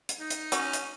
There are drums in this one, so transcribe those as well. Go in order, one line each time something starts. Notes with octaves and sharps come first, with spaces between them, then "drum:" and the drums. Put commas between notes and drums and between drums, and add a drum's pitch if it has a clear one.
drum: hi-hat
D#4
drum: hi-hat
F#3 C#4 F#4 C#5, drum: hi-hat
drum: hi-hat